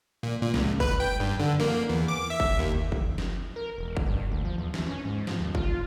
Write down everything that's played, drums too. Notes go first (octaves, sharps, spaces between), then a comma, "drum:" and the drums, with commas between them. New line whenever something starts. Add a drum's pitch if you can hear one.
A#2
A#2
C#2, drum: snare
B4, drum: kick F#1
G5
G2
D3
A#3, drum: snare
E2
D6
E5
drum: kick F#1
D#2
drum: kick F#1
drum: snare
A#4
E1
drum: kick F#1
G2
D2
F3
E2
E3, drum: snare
C#4
G#2
F3, drum: snare
D#2
F4, drum: kick F#1